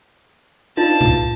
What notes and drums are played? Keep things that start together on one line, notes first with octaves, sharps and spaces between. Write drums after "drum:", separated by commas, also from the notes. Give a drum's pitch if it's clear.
D4 D#4 F4 B4 A5
drum: tom G#2